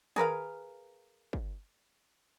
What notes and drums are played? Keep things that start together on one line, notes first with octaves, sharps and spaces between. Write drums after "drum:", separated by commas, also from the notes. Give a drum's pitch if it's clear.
G#4 A#4 B4 F5, drum: tom D#3
drum: kick